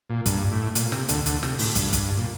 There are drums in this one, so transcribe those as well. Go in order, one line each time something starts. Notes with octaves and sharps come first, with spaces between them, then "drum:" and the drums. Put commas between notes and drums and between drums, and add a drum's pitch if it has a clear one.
A#2
G2, drum: kick, hi-hat
A2
A#2, drum: hi-hat
C3, drum: snare
D2 D3, drum: hi-hat
D2 D3, drum: hi-hat
C3, drum: snare
A2, drum: open hi-hat
G2, drum: kick, hi-hat
drum: kick, hi-hat
A#2